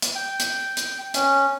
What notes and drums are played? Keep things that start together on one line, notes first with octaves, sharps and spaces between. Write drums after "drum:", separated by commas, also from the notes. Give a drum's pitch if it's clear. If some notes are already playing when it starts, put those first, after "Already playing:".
drum: hi-hat
G5
drum: hi-hat
drum: hi-hat
C#4, drum: hi-hat